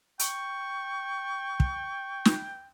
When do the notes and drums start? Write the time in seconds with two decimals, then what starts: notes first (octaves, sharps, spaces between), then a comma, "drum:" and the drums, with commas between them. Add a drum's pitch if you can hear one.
0.19 G5 C#6, drum: hi-hat
1.60 drum: kick
2.25 drum: snare